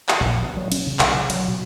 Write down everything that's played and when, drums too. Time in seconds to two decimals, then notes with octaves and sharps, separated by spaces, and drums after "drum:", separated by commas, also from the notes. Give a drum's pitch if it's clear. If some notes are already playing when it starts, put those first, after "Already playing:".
0.09 drum: clap
0.20 A#1
0.43 B2
0.57 F#3
0.72 C#4, drum: cymbal
0.87 C#3
0.99 B1, drum: clap
1.14 C#3
1.30 F#3, drum: cymbal
1.48 B2